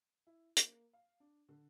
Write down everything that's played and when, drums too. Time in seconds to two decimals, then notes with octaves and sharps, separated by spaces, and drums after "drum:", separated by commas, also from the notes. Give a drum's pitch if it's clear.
0.27 E4
0.57 A#3, drum: hi-hat
0.93 F5
1.20 D4
1.49 D3